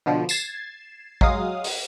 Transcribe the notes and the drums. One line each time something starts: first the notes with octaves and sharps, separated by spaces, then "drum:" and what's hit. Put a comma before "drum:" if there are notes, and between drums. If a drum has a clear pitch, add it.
B2 D3 F3
G#6 A6 C7 E7, drum: tambourine
F#3 G#3 F5 D#6, drum: kick A1
drum: open hi-hat